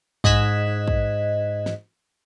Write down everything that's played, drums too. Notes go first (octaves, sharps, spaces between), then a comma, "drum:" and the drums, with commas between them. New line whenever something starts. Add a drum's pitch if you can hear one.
G#2 D#5 F#6 G#6 B6 E7, drum: kick
drum: kick
drum: snare